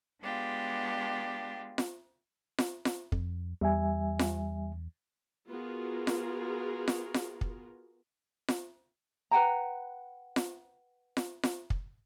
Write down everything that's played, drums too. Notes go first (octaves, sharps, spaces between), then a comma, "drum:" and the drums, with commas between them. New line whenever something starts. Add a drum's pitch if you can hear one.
G#3 B3 D4 F4 G4
drum: snare F4
drum: snare F4
drum: snare F4
F2, drum: kick
E2 G3 E5 G#5
drum: snare F4
B3 F4 F#4 G#4 A#4
drum: snare F4
drum: snare F4
drum: snare F4
drum: kick
drum: snare F4
B4 F#5 G5 A#5
drum: snare F4
drum: snare F4
drum: snare F4
drum: kick